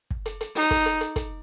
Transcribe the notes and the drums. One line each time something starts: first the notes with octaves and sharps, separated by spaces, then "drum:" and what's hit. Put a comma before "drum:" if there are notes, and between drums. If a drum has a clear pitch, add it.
drum: kick
drum: hi-hat
drum: hi-hat
D#4, drum: open hi-hat
drum: kick, hi-hat
drum: hi-hat
drum: hi-hat
drum: kick, hi-hat